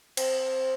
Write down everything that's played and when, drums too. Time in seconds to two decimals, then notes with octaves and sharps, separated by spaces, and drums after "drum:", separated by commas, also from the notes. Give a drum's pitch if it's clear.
0.17 C4, drum: cymbal